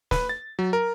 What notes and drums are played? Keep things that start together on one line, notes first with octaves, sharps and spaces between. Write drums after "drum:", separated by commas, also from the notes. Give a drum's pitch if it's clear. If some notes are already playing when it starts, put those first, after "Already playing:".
B4, drum: snare
A6
F#3
A#4